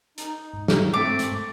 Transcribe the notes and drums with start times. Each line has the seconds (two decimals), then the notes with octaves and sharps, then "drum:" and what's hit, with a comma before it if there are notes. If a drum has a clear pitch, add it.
0.18 D#4, drum: hi-hat
0.53 G#2
0.68 drum: snare
0.94 A3 C4 D6
1.19 drum: hi-hat